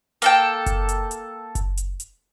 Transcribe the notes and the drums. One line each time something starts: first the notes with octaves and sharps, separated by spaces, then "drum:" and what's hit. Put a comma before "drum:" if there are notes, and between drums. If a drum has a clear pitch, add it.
A#3 A4 G5, drum: hi-hat
drum: kick F#1, hi-hat
drum: hi-hat
drum: hi-hat
drum: kick F#1, hi-hat
drum: hi-hat
drum: hi-hat